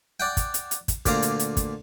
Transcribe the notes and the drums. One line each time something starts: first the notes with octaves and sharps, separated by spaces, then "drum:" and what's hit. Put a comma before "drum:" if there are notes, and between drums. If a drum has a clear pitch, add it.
D5 F#5 G5
drum: kick, hi-hat
drum: hi-hat
drum: hi-hat
drum: kick, hi-hat
D2 A#2 D5 F5 A#5, drum: kick, hi-hat
drum: hi-hat
drum: hi-hat
drum: kick, hi-hat